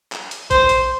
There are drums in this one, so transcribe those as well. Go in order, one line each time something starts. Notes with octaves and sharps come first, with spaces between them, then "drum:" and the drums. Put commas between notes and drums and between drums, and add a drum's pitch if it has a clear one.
drum: clap
drum: hi-hat
C5, drum: kick A#1, hi-hat
drum: hi-hat